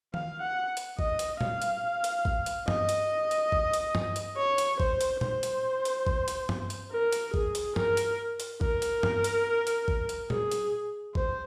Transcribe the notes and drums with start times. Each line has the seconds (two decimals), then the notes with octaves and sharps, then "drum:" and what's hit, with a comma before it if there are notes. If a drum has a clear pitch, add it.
0.14 F5, drum: tom D#3
0.41 F#5
0.77 drum: hi-hat
0.99 D#5, drum: kick A1
1.19 drum: hi-hat
1.41 F5, drum: tom
1.62 drum: hi-hat
2.04 drum: hi-hat
2.25 drum: kick A1
2.46 drum: hi-hat
2.68 D#5, drum: tom G2
2.89 drum: hi-hat
3.31 drum: hi-hat
3.52 drum: kick A1
3.73 drum: hi-hat
3.95 drum: tom G2
4.16 drum: hi-hat
4.36 C#5
4.58 drum: hi-hat
4.80 C5, drum: kick A1
5.01 drum: hi-hat
5.21 C5, drum: tom
5.43 drum: hi-hat
5.85 drum: hi-hat
6.07 drum: kick A1
6.28 drum: hi-hat
6.49 drum: tom G2
6.70 drum: hi-hat
6.91 A#4
7.12 drum: hi-hat
7.34 G#4, drum: kick A1
7.55 drum: hi-hat
7.76 A#4, drum: tom G2
7.97 drum: hi-hat
8.40 drum: hi-hat
8.61 A#4, drum: kick A1
8.82 drum: hi-hat
9.03 drum: tom G2
9.24 drum: hi-hat
9.67 drum: hi-hat
9.88 drum: kick A1
10.09 drum: hi-hat
10.30 G#4, drum: tom
10.52 drum: hi-hat
11.15 C5, drum: kick A1